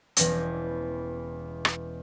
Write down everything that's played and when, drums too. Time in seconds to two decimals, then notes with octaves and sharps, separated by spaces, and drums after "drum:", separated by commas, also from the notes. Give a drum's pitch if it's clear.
0.17 E1 E2 E3 G3 C#4 A#6, drum: hi-hat
1.65 drum: rim click